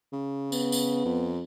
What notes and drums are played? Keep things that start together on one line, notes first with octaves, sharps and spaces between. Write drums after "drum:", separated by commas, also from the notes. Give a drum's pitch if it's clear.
C#3
B3, drum: tambourine
drum: tambourine
F2